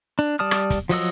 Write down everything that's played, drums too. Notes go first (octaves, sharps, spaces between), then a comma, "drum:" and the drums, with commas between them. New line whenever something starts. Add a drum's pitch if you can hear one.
D4
G3 D5 A5 D#6 F6
drum: rim click
drum: kick, hi-hat
F3 F#3 D#5 E6, drum: open hi-hat